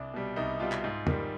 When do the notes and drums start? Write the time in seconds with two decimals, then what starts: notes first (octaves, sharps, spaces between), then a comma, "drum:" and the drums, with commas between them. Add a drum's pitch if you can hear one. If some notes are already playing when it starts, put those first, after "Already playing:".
Already playing: C2 D4
0.14 B2 G3
0.36 C2 D#4
0.60 B2 G3 F4
0.72 drum: clap
0.84 G#2
1.07 D#3 G3, drum: tom